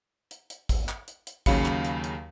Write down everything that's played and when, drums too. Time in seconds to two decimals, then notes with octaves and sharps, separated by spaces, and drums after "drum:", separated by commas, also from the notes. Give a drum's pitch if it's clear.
0.31 drum: hi-hat
0.50 drum: hi-hat
0.69 drum: kick, hi-hat
0.89 drum: clap
1.08 drum: hi-hat
1.27 drum: hi-hat
1.46 D#2 C#3 F#3 F5 B5 C#7, drum: kick, hi-hat
1.65 drum: clap
1.85 drum: hi-hat
2.04 drum: hi-hat